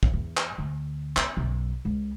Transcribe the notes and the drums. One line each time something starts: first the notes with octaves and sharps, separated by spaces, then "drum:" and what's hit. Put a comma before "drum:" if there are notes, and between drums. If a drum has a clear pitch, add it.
drum: kick
E2
drum: clap
D2
B3, drum: clap
B1 F#2
C#2